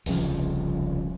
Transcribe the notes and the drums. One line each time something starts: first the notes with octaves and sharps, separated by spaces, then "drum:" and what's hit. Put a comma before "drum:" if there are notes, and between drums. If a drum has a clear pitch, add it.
D#1 C2 C#3 F3, drum: open hi-hat